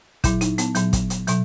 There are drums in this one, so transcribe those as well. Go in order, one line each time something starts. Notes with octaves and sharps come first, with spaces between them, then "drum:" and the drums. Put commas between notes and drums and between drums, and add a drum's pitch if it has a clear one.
A#2 F#3 E4, drum: kick, hi-hat
D#4, drum: hi-hat
B3, drum: hi-hat
A#2 F#3, drum: hi-hat
drum: kick, hi-hat
drum: hi-hat
B2 F#3, drum: hi-hat